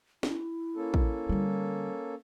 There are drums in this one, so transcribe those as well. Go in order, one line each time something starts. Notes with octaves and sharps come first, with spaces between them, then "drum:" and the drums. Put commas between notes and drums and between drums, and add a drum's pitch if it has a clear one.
E4, drum: snare
A#3 C#4 A4
drum: kick
D3 G3